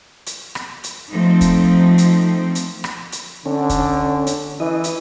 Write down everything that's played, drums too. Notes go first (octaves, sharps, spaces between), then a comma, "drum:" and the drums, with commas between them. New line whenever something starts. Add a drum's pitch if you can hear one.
drum: hi-hat
drum: rim click
drum: hi-hat
F3 A3 C4 D#4
drum: kick, hi-hat
drum: hi-hat
drum: hi-hat
drum: rim click
drum: hi-hat
D3 C#4
drum: kick, hi-hat
drum: hi-hat
E3 E4 D#5
drum: hi-hat